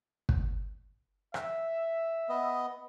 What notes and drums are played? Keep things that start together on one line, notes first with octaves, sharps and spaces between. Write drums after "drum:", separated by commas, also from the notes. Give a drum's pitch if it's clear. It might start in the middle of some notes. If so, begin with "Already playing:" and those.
drum: kick
E5, drum: rim click
B3 D#5